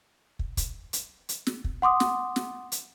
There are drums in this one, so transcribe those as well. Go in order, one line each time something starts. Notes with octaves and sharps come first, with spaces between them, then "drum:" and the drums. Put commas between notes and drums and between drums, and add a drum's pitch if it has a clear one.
drum: kick
drum: kick, hi-hat
drum: hi-hat
drum: hi-hat
drum: snare
drum: kick
F#5 C6 D6 D#6
drum: snare
drum: snare
drum: hi-hat